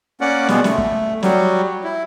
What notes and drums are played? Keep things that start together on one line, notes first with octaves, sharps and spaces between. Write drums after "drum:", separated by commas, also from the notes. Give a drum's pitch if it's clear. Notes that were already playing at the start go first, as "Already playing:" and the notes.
A#3 C#4 D5 F#5
B2 G3 G#3 B3, drum: snare
A3, drum: snare
drum: kick
F#3 G3, drum: snare
E4